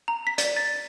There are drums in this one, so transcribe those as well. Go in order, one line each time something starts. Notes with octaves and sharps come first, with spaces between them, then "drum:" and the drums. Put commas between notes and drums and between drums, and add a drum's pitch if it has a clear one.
A#5
B6
D5, drum: hi-hat
A6